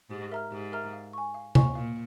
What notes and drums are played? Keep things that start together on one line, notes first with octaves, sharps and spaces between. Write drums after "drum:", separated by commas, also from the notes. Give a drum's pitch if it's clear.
G#2 G4
A#4 E5 A#5 F6
G#2 G4
A#4 E5 A#5 F6
F5
G#5 C#6
F5
G#5 C#6, drum: tom C3
A#2 F5